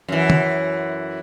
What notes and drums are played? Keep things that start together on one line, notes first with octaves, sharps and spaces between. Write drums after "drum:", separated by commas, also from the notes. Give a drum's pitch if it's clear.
F#2 E3
drum: tom D#3